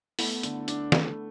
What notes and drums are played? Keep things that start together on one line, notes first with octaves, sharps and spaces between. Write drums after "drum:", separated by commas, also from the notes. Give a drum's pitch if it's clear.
A3 B3 E4, drum: open hi-hat
D3, drum: hi-hat
D4, drum: hi-hat
A3, drum: snare